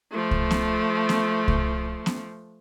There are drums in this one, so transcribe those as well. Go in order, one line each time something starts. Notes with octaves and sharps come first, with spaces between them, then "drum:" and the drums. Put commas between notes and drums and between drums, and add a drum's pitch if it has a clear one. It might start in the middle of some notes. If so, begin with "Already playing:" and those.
F3 A3
drum: kick C2
drum: snare
drum: snare
drum: kick C2
drum: snare